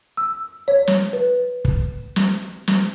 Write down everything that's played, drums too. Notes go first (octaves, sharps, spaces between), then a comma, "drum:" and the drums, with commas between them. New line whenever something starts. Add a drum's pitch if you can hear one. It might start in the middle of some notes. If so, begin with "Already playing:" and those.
E6
C#5
drum: snare
B4
drum: kick
drum: snare
drum: snare